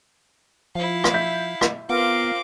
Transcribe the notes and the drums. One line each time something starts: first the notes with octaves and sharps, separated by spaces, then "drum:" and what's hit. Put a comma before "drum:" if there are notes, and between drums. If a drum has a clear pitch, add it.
F3 E4 F5
drum: rim click
E5 G6 B6
drum: rim click
B3 C4 F4 A#4 F5 D6